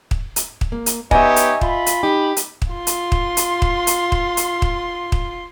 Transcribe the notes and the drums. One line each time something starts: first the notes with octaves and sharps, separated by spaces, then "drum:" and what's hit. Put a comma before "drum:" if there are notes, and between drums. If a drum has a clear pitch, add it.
drum: kick
drum: hi-hat
drum: kick
A#3
drum: hi-hat
B3 D#4 G4 C#5 D#5 E5 G#5, drum: kick
drum: hi-hat
F4 B5, drum: kick
drum: hi-hat
D#4 G4
drum: hi-hat
drum: kick
F4 C6
drum: hi-hat
drum: kick
drum: hi-hat
drum: kick
drum: hi-hat
drum: kick
drum: hi-hat
drum: kick
drum: kick